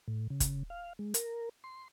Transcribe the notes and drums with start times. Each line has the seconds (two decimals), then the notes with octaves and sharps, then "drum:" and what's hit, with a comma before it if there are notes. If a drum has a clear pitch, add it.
0.08 A2
0.30 C#3
0.40 drum: kick, hi-hat
0.70 F5
0.99 G#3
1.14 A#4, drum: hi-hat
1.64 C6